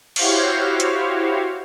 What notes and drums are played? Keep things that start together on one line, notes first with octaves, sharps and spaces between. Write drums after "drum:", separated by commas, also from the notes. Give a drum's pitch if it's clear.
E4 F#4 G4 C5 C#5 F5, drum: cymbal
drum: hi-hat